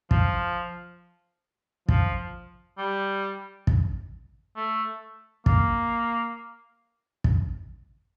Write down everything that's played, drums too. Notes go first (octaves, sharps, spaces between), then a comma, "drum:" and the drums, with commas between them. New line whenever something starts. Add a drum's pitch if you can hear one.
F3, drum: kick
F3, drum: kick
G3
drum: kick
A3
A#3, drum: kick
drum: kick